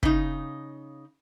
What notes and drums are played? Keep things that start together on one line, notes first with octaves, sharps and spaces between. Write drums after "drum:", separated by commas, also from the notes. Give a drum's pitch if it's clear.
C#3 D#4, drum: kick